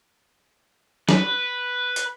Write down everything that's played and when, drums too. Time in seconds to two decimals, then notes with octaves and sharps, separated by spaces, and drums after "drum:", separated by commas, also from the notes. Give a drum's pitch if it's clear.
1.09 B4, drum: snare
1.96 drum: hi-hat